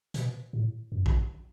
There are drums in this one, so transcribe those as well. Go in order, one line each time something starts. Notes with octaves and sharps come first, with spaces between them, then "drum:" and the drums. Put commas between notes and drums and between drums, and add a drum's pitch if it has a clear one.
B2, drum: hi-hat
A2
F#2
drum: kick